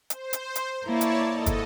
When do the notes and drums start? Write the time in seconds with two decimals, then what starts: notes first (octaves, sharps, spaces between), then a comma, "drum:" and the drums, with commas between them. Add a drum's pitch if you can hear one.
0.10 C5, drum: hi-hat
0.33 drum: hi-hat
0.55 drum: hi-hat
0.85 A#3 E4 C#5 D5 A5
1.01 drum: hi-hat
1.31 G#2 A4 D#5
1.46 drum: kick, hi-hat